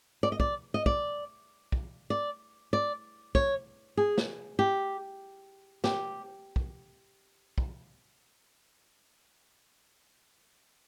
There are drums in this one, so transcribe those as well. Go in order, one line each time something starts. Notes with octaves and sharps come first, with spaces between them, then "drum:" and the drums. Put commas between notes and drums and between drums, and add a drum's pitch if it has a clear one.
D5
D#5
D5, drum: kick
D#5
D5, drum: kick
drum: kick
D5
D5
C#5, drum: kick
G#4
drum: snare
G4
G4, drum: snare
drum: kick
drum: kick